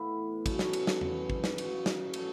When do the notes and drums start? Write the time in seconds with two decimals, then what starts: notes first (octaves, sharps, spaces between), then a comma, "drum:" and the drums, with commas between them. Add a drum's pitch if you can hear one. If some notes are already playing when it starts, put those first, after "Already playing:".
Already playing: A2 E3 B3 E4
0.46 B2 F#3 A3 C#4, drum: kick, cymbal
0.59 drum: snare
0.73 drum: cymbal
0.87 drum: snare
1.01 G#2 E3 B3, drum: tom E2
1.30 drum: kick
1.44 drum: snare
1.58 C#3 F#3 C#4 F#4, drum: cymbal
1.86 drum: snare
2.13 A2 F#3 A3 E4, drum: cymbal